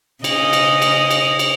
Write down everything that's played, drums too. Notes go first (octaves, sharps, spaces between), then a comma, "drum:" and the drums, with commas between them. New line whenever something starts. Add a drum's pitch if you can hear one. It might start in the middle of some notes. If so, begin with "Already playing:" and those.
C#3 D#5, drum: cymbal
drum: cymbal
drum: cymbal
drum: cymbal
drum: cymbal